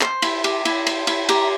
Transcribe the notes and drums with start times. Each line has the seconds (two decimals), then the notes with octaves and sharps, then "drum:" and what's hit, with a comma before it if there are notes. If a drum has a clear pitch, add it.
0.01 C5 C6, drum: clap
0.22 E4, drum: cymbal
0.44 G4, drum: cymbal
0.65 E4, drum: cymbal
0.87 C5, drum: cymbal
1.07 E4, drum: cymbal
1.29 G4 A#5, drum: cymbal